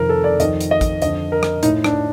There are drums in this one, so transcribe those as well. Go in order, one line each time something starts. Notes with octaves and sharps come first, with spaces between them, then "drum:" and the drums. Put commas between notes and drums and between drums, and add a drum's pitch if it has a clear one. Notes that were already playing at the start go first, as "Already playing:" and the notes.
Already playing: F2 C3 D#3 A#4
A4
D5
F2 D#3 D#5, drum: hi-hat
drum: hi-hat
D#5
drum: kick, hi-hat
F2 D3 D#5, drum: hi-hat
A#4
drum: rim click
A2 D#4, drum: hi-hat
D4, drum: rim click